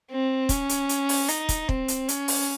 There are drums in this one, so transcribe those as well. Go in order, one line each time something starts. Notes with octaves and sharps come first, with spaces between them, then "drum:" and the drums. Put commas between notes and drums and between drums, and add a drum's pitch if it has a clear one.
C4
C#4, drum: kick, hi-hat
drum: hi-hat
drum: hi-hat
drum: open hi-hat
D#4, drum: hi-hat
drum: kick, hi-hat
C4, drum: kick
drum: hi-hat
C#4, drum: hi-hat
drum: open hi-hat